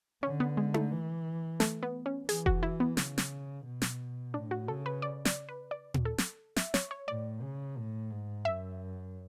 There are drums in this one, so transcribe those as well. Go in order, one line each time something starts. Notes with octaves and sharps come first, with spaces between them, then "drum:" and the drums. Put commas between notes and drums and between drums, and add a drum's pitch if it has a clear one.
D3 C#4
B3
G#3
A3, drum: tom D#4
E3
A3, drum: snare
B3
C#4
E3 G#4, drum: hi-hat
F#4, drum: kick F1
E4
B3
C#3, drum: snare
drum: snare
B2
drum: snare
A2 D4
F#4
C#3 A4
B4
D5
D5, drum: snare
B4
D5
drum: tom A#2
A4
drum: snare
E5, drum: snare
C#5, drum: snare
C#5
A2 D5
C#3
A2
G#2
F#2 E5